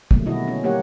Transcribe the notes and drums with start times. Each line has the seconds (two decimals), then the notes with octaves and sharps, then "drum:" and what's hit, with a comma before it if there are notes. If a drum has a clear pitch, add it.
0.11 B2 D3 F#3 G3 A3 A#3, drum: kick
0.26 B2 D#3 E4 F#4 D#5
0.48 C#4
0.63 G3 A#3 G4 C#5 F#5